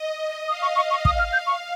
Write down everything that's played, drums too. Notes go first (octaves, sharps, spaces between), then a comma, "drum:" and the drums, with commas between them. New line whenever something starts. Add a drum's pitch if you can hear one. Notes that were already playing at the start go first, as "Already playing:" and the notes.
Already playing: D#5
F5 D#6
C#6
D#5 C#6
C#6
F5 D#6, drum: kick
F6
G6
C#6